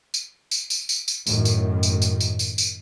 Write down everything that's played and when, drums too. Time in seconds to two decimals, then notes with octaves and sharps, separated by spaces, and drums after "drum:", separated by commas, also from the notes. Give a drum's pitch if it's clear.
0.14 drum: tambourine
0.51 drum: tambourine
0.70 drum: tambourine
0.89 drum: tambourine
1.08 drum: tambourine
1.27 F#2 A2 D#3, drum: tambourine
1.45 drum: tambourine
1.83 drum: tambourine
2.02 drum: tambourine
2.20 drum: tambourine
2.39 drum: tambourine
2.58 drum: tambourine